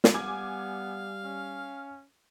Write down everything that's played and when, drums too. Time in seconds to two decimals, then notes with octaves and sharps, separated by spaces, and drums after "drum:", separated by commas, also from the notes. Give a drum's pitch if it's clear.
0.04 drum: snare
0.14 G3 B3 F5 G#5 D6 G#6
1.22 C#4